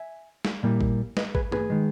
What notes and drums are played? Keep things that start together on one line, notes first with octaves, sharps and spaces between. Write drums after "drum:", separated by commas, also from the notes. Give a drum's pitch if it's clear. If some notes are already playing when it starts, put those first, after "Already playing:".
Already playing: E5 G#5
drum: snare
A#2 G3 A#3 E4
drum: kick A1
B4 D#5, drum: snare
G#4 B4, drum: kick A1
G#4 B4, drum: tom
D#3 G#3